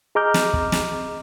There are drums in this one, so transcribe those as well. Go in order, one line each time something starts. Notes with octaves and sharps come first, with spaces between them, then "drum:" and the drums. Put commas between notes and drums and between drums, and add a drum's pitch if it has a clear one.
G#4 D#5 A#5 D6 F6 G6
drum: snare
drum: kick
drum: snare